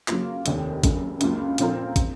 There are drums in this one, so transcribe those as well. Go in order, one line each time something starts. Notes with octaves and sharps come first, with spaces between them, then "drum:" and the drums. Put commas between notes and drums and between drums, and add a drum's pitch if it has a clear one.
C#3 F#3 A#3 F4, drum: clap
F1 D#2 D#3, drum: hi-hat
F#1 F#2 C#3, drum: kick, hi-hat
C#2 C#3 F#3 A#3 F4, drum: hi-hat
A#2 F3 C4 F4 A#4, drum: hi-hat
C#3, drum: kick, hi-hat